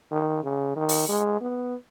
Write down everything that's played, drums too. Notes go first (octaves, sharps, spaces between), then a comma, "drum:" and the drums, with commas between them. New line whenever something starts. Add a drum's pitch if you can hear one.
D#3
C#3
D#3
drum: open hi-hat
G#3
B3